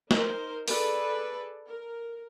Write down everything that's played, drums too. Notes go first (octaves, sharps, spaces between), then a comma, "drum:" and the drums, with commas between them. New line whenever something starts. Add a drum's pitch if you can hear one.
D#4 A#4 C5, drum: snare
G#4 A4 B4 D5, drum: open hi-hat
A#4